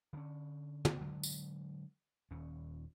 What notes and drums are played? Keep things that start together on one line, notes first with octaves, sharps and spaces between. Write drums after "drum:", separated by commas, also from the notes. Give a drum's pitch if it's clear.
D3 C#4
drum: tom
D3 F#3 G#3
drum: tambourine
D#1 D#2 C#4